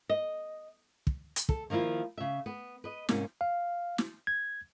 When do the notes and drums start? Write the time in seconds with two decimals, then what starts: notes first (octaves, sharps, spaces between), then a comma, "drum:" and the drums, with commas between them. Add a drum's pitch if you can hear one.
0.10 D#5
1.07 drum: kick
1.36 drum: hi-hat
1.49 A4, drum: kick
1.70 D#3 F3 A#3 E4 F4
2.17 C#3 E5
2.46 B3
2.84 B4 D#5
3.09 G#2 C3 A#3 C#4, drum: snare
3.41 F5
3.98 drum: snare
4.27 G#6